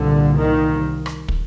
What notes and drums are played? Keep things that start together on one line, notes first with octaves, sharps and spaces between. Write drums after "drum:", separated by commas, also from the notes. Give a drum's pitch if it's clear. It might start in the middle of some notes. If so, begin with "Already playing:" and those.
Already playing: C2 A#2 D3
D#3
drum: rim click
drum: kick